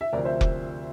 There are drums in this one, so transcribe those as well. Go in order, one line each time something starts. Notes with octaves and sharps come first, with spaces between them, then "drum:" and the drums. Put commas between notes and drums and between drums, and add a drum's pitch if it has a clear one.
E5
D2 C3 F3 A#4 D5
C5 E5
drum: kick F1